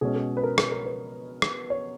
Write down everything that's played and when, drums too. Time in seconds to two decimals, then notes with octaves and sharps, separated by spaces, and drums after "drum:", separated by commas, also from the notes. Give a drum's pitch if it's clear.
0.01 B2 G#3 C#4 G#4
0.16 G#4
0.37 B4
0.44 A#4
0.58 B4, drum: rim click
0.71 A#4
0.85 B4
1.42 drum: rim click
1.70 C#5